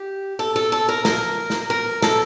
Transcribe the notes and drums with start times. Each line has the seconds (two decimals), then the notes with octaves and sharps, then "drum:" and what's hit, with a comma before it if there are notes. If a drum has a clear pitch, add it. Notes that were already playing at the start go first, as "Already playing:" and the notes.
Already playing: G4
0.39 A4
0.56 A4
0.72 A4
0.89 A#4
1.05 A#4, drum: snare
1.50 drum: snare
1.70 A#4
2.02 A4, drum: snare